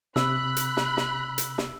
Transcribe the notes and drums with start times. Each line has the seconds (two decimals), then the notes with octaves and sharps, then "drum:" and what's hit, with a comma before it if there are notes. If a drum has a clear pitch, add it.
0.16 C3 B5 E6 F#6, drum: snare
0.57 drum: hi-hat
0.77 drum: snare
0.97 drum: snare
1.38 drum: hi-hat
1.58 drum: snare